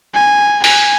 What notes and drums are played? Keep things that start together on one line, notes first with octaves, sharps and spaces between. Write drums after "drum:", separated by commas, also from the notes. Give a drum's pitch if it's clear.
G#5
G#5, drum: open hi-hat